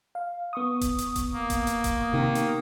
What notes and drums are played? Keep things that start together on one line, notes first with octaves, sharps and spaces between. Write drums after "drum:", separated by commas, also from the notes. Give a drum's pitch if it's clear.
F5
B3 C#6 D#6
drum: kick D#1, hi-hat
drum: hi-hat
drum: kick D#1, hi-hat
A#3
drum: kick D#1, hi-hat
drum: hi-hat
drum: kick D#1, hi-hat
C3 D#3
drum: hi-hat